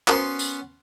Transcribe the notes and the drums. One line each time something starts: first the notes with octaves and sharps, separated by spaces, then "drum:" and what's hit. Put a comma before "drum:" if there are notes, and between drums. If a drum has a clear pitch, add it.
B3 C#4 F#4 A#4 C5 C6, drum: clap
drum: tambourine